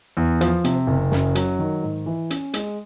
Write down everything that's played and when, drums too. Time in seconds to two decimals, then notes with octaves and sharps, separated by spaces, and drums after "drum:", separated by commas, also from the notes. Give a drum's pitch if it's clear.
0.17 E2
0.41 F3, drum: hi-hat
0.64 C3, drum: hi-hat
0.87 F#1
1.11 F#2, drum: snare
1.35 F#3, drum: hi-hat
1.59 D#3
1.83 G#2
2.06 E3
2.30 C#4, drum: hi-hat
2.54 G#3, drum: hi-hat